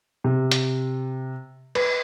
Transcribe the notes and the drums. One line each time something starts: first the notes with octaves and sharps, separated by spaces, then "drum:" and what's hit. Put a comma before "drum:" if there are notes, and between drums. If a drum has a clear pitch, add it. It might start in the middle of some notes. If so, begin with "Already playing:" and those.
C3
drum: hi-hat
B4, drum: cymbal